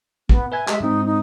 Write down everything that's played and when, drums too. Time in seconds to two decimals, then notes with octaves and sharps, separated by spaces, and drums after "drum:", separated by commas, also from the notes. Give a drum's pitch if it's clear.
0.29 B3, drum: kick
0.52 B4 E5 G#5 G#6
0.68 G#3 G4 E5, drum: clap
0.80 G#2 G#3 C4 D#4
1.05 D#4